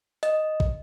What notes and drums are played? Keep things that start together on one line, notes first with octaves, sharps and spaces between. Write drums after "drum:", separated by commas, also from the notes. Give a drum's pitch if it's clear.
D#5, drum: hi-hat
drum: kick